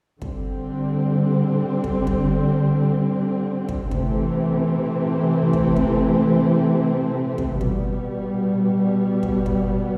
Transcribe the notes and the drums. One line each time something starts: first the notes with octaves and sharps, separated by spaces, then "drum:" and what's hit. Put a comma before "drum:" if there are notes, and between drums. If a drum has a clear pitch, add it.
D3 G3 C4, drum: kick
drum: kick
drum: kick
drum: kick
C3 E3 A3 C4, drum: kick
drum: kick
drum: kick
drum: kick
B2 G3 B3, drum: kick
drum: kick
drum: kick